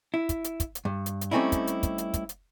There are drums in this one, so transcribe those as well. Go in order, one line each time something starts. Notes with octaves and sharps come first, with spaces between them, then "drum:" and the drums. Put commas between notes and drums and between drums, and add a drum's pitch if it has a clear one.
E4
drum: kick, hi-hat
drum: hi-hat
drum: kick, hi-hat
drum: hi-hat
G2
drum: hi-hat
drum: hi-hat
G3 A3 C4 C#4 D#4 E4
drum: kick, hi-hat
drum: hi-hat
drum: kick, hi-hat
drum: hi-hat
drum: kick, hi-hat
drum: hi-hat